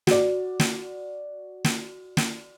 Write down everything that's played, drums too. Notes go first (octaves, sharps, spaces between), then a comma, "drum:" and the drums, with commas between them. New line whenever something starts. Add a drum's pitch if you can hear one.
F#4 D5, drum: snare
drum: snare
drum: snare
drum: snare